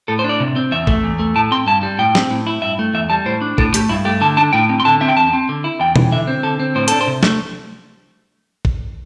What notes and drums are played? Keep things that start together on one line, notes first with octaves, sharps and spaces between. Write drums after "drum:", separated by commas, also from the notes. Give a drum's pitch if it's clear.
A2 A4
C5
D4 D5
C3
C4
E2 E5
A3, drum: kick
E2
A3
A2 A5
C4 C6
G2 A5
G3
A2 G5
C4, drum: snare
A2
E4
G2 E5
A3
E2 E5
G3 A5
A2 C5
D4
A2 A4, drum: kick
A3 G4, drum: hi-hat
G2 E4
A3 G4
D3 A5
D4 A5
A2 G5
C4
C6
D3 A5
C4 E5
G5
E2 A5
C4
D3
E4
E2 G5
E3, drum: tom B2
D3 E5
C4
D3 A4
C4
A2 C5
D4 A4, drum: hi-hat
C5
C3
A3, drum: snare
drum: kick